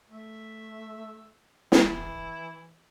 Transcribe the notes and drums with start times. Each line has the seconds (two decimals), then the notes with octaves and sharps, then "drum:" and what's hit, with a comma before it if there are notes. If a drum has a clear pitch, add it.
0.09 A3 E5
1.72 E3 E4, drum: snare